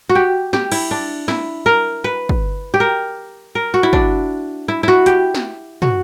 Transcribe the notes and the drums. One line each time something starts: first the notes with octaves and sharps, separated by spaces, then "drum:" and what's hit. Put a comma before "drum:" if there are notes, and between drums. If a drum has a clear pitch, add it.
F#4
G4
G4, drum: snare
E4, drum: cymbal
D4
E4, drum: snare
A#4
B4
drum: kick
G4
A#4
A#4
F#4
E4
D4, drum: kick
E4
E4 F#4
G4, drum: hi-hat
drum: snare
F#4, drum: tom